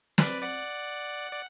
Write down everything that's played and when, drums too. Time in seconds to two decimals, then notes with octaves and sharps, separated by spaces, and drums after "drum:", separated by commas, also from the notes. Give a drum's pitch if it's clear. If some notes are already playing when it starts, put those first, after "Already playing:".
0.18 B4 D5, drum: snare
0.42 D5 F#5
1.32 D5